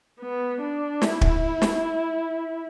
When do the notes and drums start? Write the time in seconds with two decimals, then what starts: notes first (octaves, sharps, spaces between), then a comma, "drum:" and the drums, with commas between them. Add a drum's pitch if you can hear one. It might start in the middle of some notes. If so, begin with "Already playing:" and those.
0.21 B3
0.61 D4
1.02 E4, drum: snare
1.21 drum: kick
1.62 drum: snare